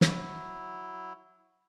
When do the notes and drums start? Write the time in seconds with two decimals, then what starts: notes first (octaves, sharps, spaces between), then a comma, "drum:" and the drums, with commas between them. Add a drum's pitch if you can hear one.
0.01 F#3 E4, drum: snare